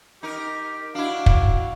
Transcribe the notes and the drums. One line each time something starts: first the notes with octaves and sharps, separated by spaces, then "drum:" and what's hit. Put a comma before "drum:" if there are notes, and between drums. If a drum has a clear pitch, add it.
D#4 G4 A#4
D4 E4 F#4 F5 D6
drum: kick